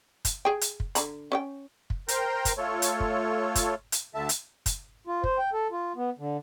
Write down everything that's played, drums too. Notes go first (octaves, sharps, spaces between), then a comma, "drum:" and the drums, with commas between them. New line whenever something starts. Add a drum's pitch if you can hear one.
drum: kick, hi-hat
G#4 G5
drum: hi-hat
drum: kick
D3 A#5 B5, drum: hi-hat
C#4 D5 G5
drum: kick
A#4 C5 G5 A#5 C6, drum: hi-hat
drum: kick, hi-hat
A3 F4 A4 C#5
drum: hi-hat
drum: kick
drum: kick, hi-hat
drum: hi-hat
D2 D3 E5 A5
drum: hi-hat
drum: kick, hi-hat
F4
C5, drum: kick
G5
A4
F4
B3
D3